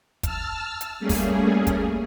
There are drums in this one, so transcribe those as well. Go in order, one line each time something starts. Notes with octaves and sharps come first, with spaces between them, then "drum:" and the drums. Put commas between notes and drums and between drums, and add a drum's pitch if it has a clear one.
A5 E6 F6, drum: kick, hi-hat
drum: hi-hat
G3 A3 A#3 C#4 G#4
drum: kick, open hi-hat
drum: kick, hi-hat